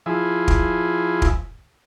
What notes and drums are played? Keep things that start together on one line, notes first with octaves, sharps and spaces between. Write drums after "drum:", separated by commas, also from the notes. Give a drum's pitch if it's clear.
F3 E4 G#4
drum: kick
drum: kick